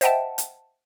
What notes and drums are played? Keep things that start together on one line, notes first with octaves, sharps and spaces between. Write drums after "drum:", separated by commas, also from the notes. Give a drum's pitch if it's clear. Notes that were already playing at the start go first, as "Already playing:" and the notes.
C5 D#5 E5 F#5 G5 A5, drum: hi-hat
drum: hi-hat